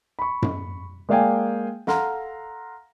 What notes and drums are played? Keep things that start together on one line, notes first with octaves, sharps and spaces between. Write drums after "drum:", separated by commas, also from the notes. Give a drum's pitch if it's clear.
B5 C#6
drum: tom F#2
G#3 A#3 D5 F5 G5 G#5
A4 F5 F#5 A#5 C6 F6, drum: snare